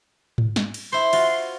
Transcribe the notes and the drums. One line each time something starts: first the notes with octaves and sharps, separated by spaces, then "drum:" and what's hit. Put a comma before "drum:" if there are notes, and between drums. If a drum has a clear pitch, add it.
drum: tom G#2
drum: snare
drum: cymbal
E4 C5 C6
F4 F#4, drum: cymbal